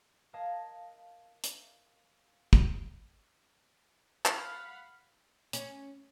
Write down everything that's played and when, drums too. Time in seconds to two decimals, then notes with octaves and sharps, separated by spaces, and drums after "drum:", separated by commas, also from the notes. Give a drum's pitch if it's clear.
0.33 A#4 D#5 F5 A5 D#6 G#6
1.44 drum: hi-hat
2.53 drum: kick
4.25 F5 F#5 B5, drum: clap
5.53 C#4, drum: hi-hat